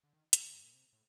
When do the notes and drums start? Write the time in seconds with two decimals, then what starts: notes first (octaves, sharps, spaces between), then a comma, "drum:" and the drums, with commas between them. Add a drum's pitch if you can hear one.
0.03 D3
0.13 D#3
0.33 C3, drum: hi-hat
0.44 D3
0.54 G2
0.63 A#2
0.74 C3
0.93 A2